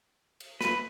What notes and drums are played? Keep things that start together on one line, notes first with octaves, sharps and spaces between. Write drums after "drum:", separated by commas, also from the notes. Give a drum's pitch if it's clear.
drum: cymbal
B4, drum: snare